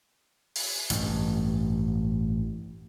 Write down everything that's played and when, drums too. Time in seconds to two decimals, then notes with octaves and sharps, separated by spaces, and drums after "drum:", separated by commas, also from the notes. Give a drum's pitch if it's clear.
0.56 drum: open hi-hat
0.90 A1 G2, drum: hi-hat